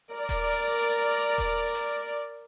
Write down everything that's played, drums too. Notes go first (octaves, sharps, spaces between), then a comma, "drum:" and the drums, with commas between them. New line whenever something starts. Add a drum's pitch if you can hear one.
A#4 D5
drum: kick D#1, hi-hat
drum: kick D#1, hi-hat
drum: open hi-hat